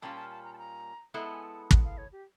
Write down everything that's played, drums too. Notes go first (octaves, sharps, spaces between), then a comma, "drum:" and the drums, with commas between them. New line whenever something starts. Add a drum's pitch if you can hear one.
A#2 G3 A#3 C#4 F4 A5
A5
A5
A#5
A5
A#5
G#3 B3 E4 A4 A#5
A5
G#5
A5
F#5, drum: kick
F5
C#5
G4